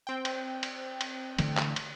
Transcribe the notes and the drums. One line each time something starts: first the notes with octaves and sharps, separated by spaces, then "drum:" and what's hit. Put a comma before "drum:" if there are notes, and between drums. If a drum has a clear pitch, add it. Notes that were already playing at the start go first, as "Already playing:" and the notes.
C4 G5
drum: cymbal
drum: cymbal
drum: cymbal
D3 E3 A3, drum: cymbal
drum: clap
drum: cymbal